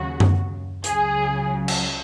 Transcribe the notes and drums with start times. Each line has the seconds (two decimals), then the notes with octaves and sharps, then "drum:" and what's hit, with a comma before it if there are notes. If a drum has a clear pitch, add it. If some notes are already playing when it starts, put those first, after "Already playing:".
Already playing: D#2 C#3 F#3 F#4
0.20 drum: tom F#2
0.84 C#2 C#3 F#3 G#4, drum: hi-hat
1.68 drum: cymbal